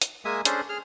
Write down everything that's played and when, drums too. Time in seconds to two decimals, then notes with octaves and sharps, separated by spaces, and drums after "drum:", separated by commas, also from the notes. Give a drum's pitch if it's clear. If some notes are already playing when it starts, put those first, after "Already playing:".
0.02 drum: hi-hat
0.25 G#3 A#3 E5 G#5 D#6
0.45 C#4 D4 G#4 A4 C5, drum: hi-hat
0.69 G#4 F6